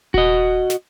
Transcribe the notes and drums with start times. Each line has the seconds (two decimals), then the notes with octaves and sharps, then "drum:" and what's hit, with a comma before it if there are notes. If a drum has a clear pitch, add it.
0.14 F#4 D#5, drum: kick D#1
0.70 drum: snare